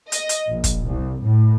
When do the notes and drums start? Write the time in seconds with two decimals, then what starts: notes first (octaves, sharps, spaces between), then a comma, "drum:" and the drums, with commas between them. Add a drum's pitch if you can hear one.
0.12 D#5, drum: hi-hat
0.29 drum: hi-hat
0.50 A#1
0.64 drum: kick, hi-hat
0.91 C2
1.24 A2